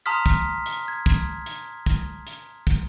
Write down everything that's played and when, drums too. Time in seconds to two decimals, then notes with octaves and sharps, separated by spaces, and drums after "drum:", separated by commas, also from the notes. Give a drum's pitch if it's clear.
0.06 A5 A#5 C6 D#6 F6 B6
0.26 drum: kick, hi-hat
0.66 drum: hi-hat
0.88 G#6
1.06 drum: kick, hi-hat
1.46 drum: hi-hat
1.86 drum: kick, hi-hat
2.27 drum: hi-hat
2.67 drum: kick, hi-hat